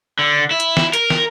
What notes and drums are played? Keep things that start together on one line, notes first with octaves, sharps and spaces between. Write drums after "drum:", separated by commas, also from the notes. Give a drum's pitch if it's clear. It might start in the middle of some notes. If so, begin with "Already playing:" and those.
D3
E4
drum: hi-hat
drum: snare
A#4, drum: hi-hat
drum: snare